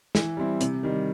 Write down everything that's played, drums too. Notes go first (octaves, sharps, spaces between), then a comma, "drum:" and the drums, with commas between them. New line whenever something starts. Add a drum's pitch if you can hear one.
E3, drum: snare
G3 C4 E4
C3, drum: hi-hat
D#3 G3